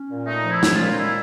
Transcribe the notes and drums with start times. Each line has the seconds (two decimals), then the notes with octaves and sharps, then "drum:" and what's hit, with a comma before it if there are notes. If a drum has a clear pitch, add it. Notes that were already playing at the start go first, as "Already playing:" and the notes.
Already playing: C#4
0.10 A#2
0.27 A3 D#4
0.44 F3
0.51 E4
0.63 C#4, drum: snare
0.74 F4
0.81 A#2
0.91 D#4
0.98 G#3 E4